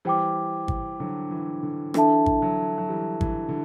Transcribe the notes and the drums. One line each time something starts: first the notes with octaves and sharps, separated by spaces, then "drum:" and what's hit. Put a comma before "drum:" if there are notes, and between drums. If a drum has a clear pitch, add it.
E3 G3 C5 G5 D6
drum: kick
D3 F#3
E3
D3
E3 D4 A4 E5 A5, drum: rim click
drum: kick
D3 F#3
F#3
E3 G3
E3, drum: kick
D3